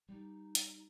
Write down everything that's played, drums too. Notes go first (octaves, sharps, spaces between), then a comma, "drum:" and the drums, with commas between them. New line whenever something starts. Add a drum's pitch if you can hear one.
G3 D#4
drum: hi-hat